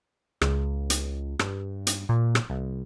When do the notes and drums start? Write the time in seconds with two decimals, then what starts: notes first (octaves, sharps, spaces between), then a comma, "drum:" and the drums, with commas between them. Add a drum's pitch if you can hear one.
0.41 C#2, drum: rim click
0.90 drum: hi-hat
1.39 G2, drum: rim click
1.87 drum: hi-hat
2.09 A#2
2.35 drum: rim click
2.50 C2